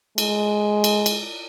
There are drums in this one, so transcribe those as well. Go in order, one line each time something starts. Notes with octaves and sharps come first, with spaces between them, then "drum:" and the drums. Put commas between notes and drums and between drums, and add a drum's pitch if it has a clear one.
G#3, drum: cymbal
drum: cymbal
drum: cymbal